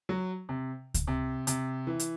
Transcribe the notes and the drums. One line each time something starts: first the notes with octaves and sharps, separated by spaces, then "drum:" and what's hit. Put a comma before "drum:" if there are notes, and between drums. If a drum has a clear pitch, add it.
F#3
C3
drum: kick C#2, hi-hat
C3
C3, drum: hi-hat
E3
drum: hi-hat